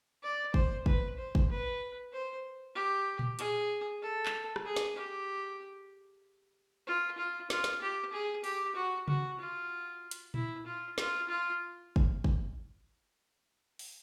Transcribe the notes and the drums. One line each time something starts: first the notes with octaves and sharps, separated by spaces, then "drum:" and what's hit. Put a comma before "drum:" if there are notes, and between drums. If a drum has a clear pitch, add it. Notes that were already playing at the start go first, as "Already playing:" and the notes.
D5
C5, drum: kick
B4, drum: kick
C5
drum: kick
B4
C5
G4
drum: tom A#2
G#4, drum: hi-hat
A4
drum: clap
drum: rim click
G#4
drum: snare
G4
F4
F4
F4, drum: snare
drum: snare
G4
G#4
G4, drum: open hi-hat
F#4
F#4, drum: tom C3
F4
drum: hi-hat
E4, drum: tom A#2
F4
F4, drum: snare
F4
drum: kick
drum: kick
drum: open hi-hat